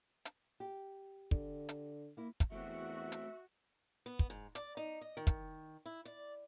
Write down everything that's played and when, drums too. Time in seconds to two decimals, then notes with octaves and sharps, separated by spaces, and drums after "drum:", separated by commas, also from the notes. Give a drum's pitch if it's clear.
0.25 drum: hi-hat
0.60 G4
1.31 D3, drum: kick
1.69 drum: hi-hat
2.17 A#3 E4
2.40 drum: kick, hi-hat
2.52 E2 A3 C4 F#4 E5
3.12 drum: hi-hat
4.06 B3
4.19 drum: kick
4.30 G#2
4.55 D5, drum: hi-hat
4.77 D#4
5.01 D#5
5.17 D#3
5.27 drum: kick, hi-hat
5.86 E4
6.05 D5